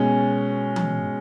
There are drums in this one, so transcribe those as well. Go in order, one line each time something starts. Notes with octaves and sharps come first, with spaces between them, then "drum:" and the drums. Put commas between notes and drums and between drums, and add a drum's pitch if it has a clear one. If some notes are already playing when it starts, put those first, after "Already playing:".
Already playing: B2 G#3 C#4
drum: tom E3